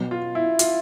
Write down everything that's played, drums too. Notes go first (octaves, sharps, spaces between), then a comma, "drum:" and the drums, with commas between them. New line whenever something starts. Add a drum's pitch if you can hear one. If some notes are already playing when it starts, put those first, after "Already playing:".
Already playing: B2 F#3 B3
F4
E4
F4, drum: hi-hat